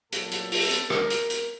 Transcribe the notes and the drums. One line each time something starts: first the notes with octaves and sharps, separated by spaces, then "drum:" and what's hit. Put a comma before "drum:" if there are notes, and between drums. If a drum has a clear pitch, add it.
A#2 F#3 A4, drum: hi-hat
drum: hi-hat
A4, drum: open hi-hat
drum: hi-hat
A#4, drum: rim click
drum: hi-hat
drum: hi-hat